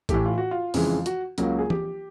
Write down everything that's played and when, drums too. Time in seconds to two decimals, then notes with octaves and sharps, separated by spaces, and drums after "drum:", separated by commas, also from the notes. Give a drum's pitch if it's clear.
0.09 A2 E3 A3 G4, drum: kick A1, hi-hat
0.26 F4
0.38 F#4
0.51 F4
0.74 F2 C#3 E3 G#3, drum: open hi-hat
1.06 F#4, drum: hi-hat
1.38 C#2 C#3 F#3 A#3, drum: hi-hat
1.59 G#4
1.70 G4, drum: tom